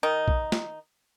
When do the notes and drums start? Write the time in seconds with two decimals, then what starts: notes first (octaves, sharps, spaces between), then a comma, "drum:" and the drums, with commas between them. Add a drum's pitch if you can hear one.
0.03 D#3 D#4
0.28 drum: kick
0.52 drum: snare